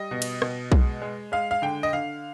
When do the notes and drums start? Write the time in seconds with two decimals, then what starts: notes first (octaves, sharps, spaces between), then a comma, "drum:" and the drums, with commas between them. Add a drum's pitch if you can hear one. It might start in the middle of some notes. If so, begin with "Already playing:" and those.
Already playing: G3 D#5
0.11 B2
0.22 drum: cymbal
0.42 B2, drum: rim click
0.72 G#3, drum: kick B1
1.02 G#3
1.32 G#3 F5
1.51 F5
1.62 D3 G5
1.83 D#5
1.93 D3 F5